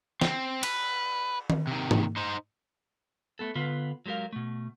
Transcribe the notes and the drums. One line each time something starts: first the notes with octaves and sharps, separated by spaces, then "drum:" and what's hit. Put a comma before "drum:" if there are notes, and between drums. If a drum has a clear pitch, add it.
C4, drum: snare
B4, drum: cymbal
drum: tom D#3
C3 D#3
drum: tom
D#4 C5
A3 B3 A4
D3 B3 F4 B4
F#3 G#3 G4 A#4 F5
B2 A3